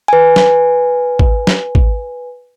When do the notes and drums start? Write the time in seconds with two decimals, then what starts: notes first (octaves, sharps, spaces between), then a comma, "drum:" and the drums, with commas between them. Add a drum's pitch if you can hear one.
0.08 B4 G#5
0.36 drum: snare
1.19 drum: kick
1.47 drum: snare
1.75 drum: kick